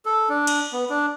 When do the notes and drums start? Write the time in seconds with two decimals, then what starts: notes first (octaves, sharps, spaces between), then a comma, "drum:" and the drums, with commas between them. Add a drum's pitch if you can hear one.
0.05 A4
0.29 D4
0.47 drum: cymbal
0.73 B3
0.90 D4